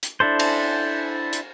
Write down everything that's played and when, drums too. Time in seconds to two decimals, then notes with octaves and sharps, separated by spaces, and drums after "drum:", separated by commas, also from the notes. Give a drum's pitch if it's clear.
0.03 drum: hi-hat
0.20 D4 E4 A4 C5
0.39 drum: cymbal
1.33 drum: hi-hat